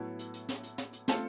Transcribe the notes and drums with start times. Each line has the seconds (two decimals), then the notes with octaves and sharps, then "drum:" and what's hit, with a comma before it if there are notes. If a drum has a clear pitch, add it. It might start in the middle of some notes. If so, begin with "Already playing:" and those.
Already playing: A2 F#3 B3 E4 A4
0.19 drum: hi-hat
0.34 drum: hi-hat
0.49 drum: snare
0.63 drum: hi-hat
0.78 drum: snare
0.93 drum: hi-hat
1.08 A3 C4 F4 A4, drum: snare